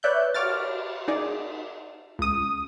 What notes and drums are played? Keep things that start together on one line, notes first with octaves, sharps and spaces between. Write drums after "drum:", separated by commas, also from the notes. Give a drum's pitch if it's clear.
B4 C#5 D5 E5 F#6 G6
C#5 D6 F6 A6, drum: cymbal
D#4 G#4 D5
C#2 D#6